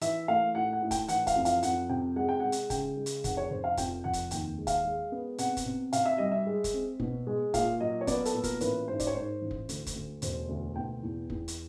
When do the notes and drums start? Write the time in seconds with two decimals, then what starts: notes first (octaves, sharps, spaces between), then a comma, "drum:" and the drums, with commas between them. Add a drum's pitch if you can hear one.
0.01 E3 E5, drum: hi-hat
0.28 A3 F5
0.55 A2 F#5
0.73 F#5
0.82 A2
0.91 G5, drum: kick, hi-hat
1.08 E3 F#5, drum: hi-hat
1.27 F5, drum: kick, hi-hat
1.36 F2
1.45 F5, drum: hi-hat
1.63 F2 F#5, drum: hi-hat
1.89 C3 G5
2.16 G#3 F#5
2.29 G5
2.40 G#3 F#5
2.52 drum: hi-hat
2.70 C#3 G5, drum: kick, hi-hat
2.97 G#3
3.06 drum: hi-hat
3.24 F1 F#5, drum: kick, hi-hat
3.37 C#5
3.50 F1 C5
3.64 F5
3.77 F2 G5, drum: kick, hi-hat
4.04 F1 F#5
4.13 drum: kick, hi-hat
4.31 D#2 G5, drum: hi-hat
4.58 G#3
4.67 F5, drum: kick, hi-hat
4.85 G#3
5.12 B3
5.38 C3 F#5, drum: hi-hat
5.57 drum: kick, hi-hat
5.66 C3
5.93 C3 F5, drum: hi-hat
6.05 E5
6.18 G3 D#5
6.32 E5
6.47 G#3
6.64 drum: kick, hi-hat
6.73 C4
7.00 B2, drum: kick
7.27 G#3
7.54 A#2 F5, drum: kick, hi-hat
7.81 F#3 D#5
8.01 C#5
8.07 B3 D5, drum: kick, hi-hat
8.19 A#4
8.25 A4, drum: hi-hat
8.34 A#2
8.44 A#4, drum: kick, hi-hat
8.61 A1 B4, drum: hi-hat
8.88 G#2 C5
9.00 D5, drum: kick, hi-hat
9.07 C#5
9.15 G#2 C5
9.42 A1
9.51 drum: kick
9.69 D2, drum: hi-hat
9.86 drum: kick, hi-hat
9.96 D2
10.22 E1 C5, drum: hi-hat
10.49 D2
10.76 B2 G5
11.03 E2
11.30 E2, drum: kick
11.48 drum: hi-hat